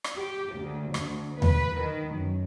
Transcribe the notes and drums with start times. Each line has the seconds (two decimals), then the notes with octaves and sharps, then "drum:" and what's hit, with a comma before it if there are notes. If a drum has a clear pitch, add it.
0.04 drum: rim click
0.17 G4
0.55 D2
0.94 D2, drum: rim click
1.42 B4, drum: tom D#2
1.79 D#3
2.15 F#2